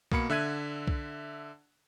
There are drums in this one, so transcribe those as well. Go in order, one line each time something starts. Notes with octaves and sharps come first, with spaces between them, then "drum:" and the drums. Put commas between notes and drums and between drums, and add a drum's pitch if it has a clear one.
B2 A#3 B5 C#7, drum: kick B1
D3 E5 F#6 G#6 D#7
drum: kick B1